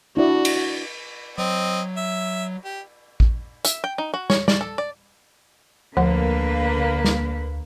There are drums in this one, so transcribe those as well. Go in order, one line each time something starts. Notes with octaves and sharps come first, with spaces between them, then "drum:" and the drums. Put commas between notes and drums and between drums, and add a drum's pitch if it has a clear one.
D4 E4 F#4 D5
drum: cymbal
F#3 C4 D#5
E5
G4
drum: kick A1
E5, drum: hi-hat
G5
D#4
F#4
C#5, drum: snare
D5, drum: snare
A4
D5
D2 D3 F3 A#3 B4 F#5
drum: snare